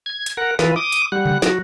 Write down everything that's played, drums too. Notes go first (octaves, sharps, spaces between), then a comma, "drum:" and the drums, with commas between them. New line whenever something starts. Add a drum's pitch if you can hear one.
G#6
drum: hi-hat
A#4 F#5
E3 F4 B4, drum: snare
D6 D#6
drum: hi-hat
G3 F#5
drum: tom
F#3 F#4, drum: snare